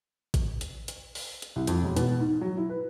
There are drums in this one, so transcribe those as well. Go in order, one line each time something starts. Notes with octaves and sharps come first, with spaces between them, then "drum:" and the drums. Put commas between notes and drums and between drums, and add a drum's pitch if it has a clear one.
drum: kick, hi-hat
drum: hi-hat
drum: hi-hat
drum: open hi-hat
drum: hi-hat
C2
F2, drum: hi-hat
E1
B2, drum: hi-hat
G#2
F#3
E4
B4